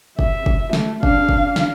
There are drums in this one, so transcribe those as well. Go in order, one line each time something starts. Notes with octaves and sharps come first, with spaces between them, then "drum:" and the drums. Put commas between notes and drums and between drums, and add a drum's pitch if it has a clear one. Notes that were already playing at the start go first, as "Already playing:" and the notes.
E5, drum: kick
drum: kick
A3, drum: snare
D4 F5, drum: kick
drum: kick
drum: snare